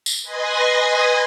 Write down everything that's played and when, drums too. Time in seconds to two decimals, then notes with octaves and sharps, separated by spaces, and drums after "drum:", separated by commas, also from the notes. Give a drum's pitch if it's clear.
0.06 drum: tambourine
0.22 B4 D#5 G#5 C6 G#6 A#6